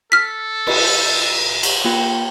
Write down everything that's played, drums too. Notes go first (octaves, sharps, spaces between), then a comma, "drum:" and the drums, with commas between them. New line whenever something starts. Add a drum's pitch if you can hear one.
A4 F6 B6
drum: cymbal
drum: cymbal
A#3 F4 G5